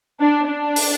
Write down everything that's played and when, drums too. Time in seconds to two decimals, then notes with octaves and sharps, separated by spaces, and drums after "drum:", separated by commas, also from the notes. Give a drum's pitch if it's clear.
0.20 D4
0.48 D4
0.76 drum: open hi-hat